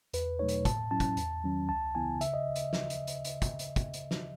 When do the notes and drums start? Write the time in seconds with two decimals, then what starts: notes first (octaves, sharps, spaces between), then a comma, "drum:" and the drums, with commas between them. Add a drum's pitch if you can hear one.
0.13 E2 B4, drum: hi-hat
0.39 B2 F#3 A3 D#4 C#5
0.48 drum: hi-hat
0.65 A2 A5, drum: kick, hi-hat
0.91 F#3 C#4 E4 A5
1.00 drum: kick, hi-hat
1.17 E2, drum: hi-hat
1.44 D#3 F#3 C#4
1.69 C#2 A5
1.95 C#3 E3 B3 E4 G#5
2.21 C#3 E5, drum: hi-hat
2.34 D#5
2.56 drum: hi-hat
2.73 drum: snare
2.90 drum: hi-hat
3.07 drum: hi-hat
3.25 drum: hi-hat
3.42 drum: kick, hi-hat
3.59 drum: hi-hat
3.76 drum: kick, hi-hat
3.94 drum: hi-hat
4.11 drum: snare